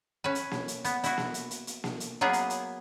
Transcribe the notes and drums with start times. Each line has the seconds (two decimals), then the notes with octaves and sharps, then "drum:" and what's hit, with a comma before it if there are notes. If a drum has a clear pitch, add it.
0.24 C#4 B4
0.35 drum: hi-hat
0.51 drum: snare A#3
0.68 drum: hi-hat
0.85 B3, drum: hi-hat
1.04 E4 F#4, drum: hi-hat
1.18 drum: snare A#3
1.34 drum: hi-hat
1.51 drum: hi-hat
1.67 drum: hi-hat
1.84 drum: snare A#3
2.00 drum: hi-hat
2.21 F#3 A#3 B3 G#4
2.33 drum: hi-hat
2.50 drum: hi-hat